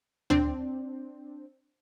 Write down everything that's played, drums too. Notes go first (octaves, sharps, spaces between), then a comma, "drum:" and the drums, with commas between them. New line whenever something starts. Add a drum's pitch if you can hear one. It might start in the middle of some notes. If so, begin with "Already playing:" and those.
C4 D4, drum: tom D2